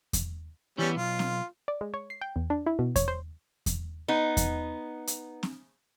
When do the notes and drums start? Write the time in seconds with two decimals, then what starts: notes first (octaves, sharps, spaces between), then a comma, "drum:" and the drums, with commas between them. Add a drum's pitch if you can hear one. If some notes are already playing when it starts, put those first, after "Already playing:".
0.13 drum: kick E2, hi-hat
0.79 E3 G3 B3 C#4
0.96 B1 F4
1.19 drum: snare C4
1.68 D5
1.81 G#3
1.94 C#5
2.10 C7
2.21 G5
2.36 E2
2.50 D4
2.67 E4
2.79 B2
2.96 C#5, drum: kick E2, hi-hat
3.08 C5
3.66 drum: kick E2, hi-hat
4.08 B3 D#4
4.37 drum: kick E2, hi-hat
5.07 drum: hi-hat
5.43 drum: snare C4